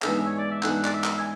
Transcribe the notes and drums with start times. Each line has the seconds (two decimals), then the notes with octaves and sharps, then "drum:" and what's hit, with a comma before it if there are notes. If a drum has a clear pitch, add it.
0.02 G#2 E3 B3 D4 G#4 E5, drum: clap
0.26 C#5
0.38 D5
0.51 E5
0.63 G#2 E3 B3 D4 G#4 F#5, drum: clap
0.85 D5, drum: clap
0.94 E5
1.04 drum: clap
1.19 G#5